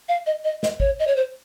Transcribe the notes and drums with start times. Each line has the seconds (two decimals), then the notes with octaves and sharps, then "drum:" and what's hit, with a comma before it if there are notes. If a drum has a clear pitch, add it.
0.09 F5
0.26 D#5
0.44 D#5
0.63 D#5, drum: snare
0.80 C#5, drum: kick G#1
0.99 D#5
1.07 C#5
1.16 C5